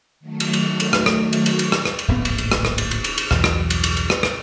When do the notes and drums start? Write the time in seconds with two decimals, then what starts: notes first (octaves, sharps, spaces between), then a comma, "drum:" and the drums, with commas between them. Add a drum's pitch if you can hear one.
0.20 D#3 F#3 A3
0.40 drum: cymbal
0.53 drum: cymbal
0.80 drum: cymbal
0.93 drum: rim click
1.06 drum: rim click
1.33 drum: cymbal
1.46 drum: cymbal
1.59 drum: cymbal
1.72 drum: rim click
1.85 drum: rim click
1.99 drum: cymbal
2.08 D1 A#1 G#2 B3
2.25 drum: cymbal
2.38 drum: cymbal
2.52 drum: rim click
2.65 drum: rim click
2.78 drum: cymbal
2.91 drum: cymbal
3.04 drum: cymbal
3.18 drum: cymbal
3.31 B1 E2 G2 B2, drum: rim click
3.44 drum: rim click
3.70 drum: cymbal
3.84 drum: cymbal
3.97 drum: cymbal
4.10 drum: rim click
4.23 drum: rim click